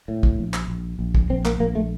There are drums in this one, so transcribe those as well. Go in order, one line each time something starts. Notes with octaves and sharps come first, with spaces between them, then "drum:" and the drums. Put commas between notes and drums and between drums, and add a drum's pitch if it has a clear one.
A2
drum: kick
A#1
drum: clap
A#1
A#1
drum: kick
A#1 C4
A#3, drum: clap
A#1 A#3
A3